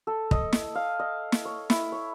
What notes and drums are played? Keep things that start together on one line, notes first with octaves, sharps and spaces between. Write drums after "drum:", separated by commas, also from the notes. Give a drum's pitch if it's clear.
A4
D#5, drum: kick
drum: snare
F5
D#5
drum: snare
C#5
E4, drum: snare
C#5